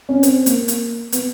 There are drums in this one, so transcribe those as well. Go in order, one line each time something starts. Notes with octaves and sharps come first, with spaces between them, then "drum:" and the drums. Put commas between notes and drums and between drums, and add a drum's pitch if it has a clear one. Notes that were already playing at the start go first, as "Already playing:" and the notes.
C#4
C4, drum: hi-hat
A#3, drum: hi-hat
drum: hi-hat
B3, drum: hi-hat